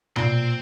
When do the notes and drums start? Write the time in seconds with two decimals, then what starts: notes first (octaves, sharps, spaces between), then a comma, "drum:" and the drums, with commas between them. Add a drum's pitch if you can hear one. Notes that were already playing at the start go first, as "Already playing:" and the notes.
0.16 A#2 C4, drum: tom B2